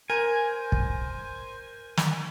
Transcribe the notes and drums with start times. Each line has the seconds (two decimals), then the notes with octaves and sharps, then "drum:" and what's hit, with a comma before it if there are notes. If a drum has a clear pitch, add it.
0.10 A#4 C5 G#5
0.72 drum: kick
1.97 drum: snare